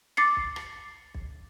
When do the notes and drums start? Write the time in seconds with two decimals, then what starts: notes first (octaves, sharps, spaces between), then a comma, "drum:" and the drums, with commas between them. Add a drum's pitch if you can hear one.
0.17 D6 A6 C7 C#7, drum: rim click
0.37 drum: kick B1
0.56 drum: rim click
1.14 drum: kick B1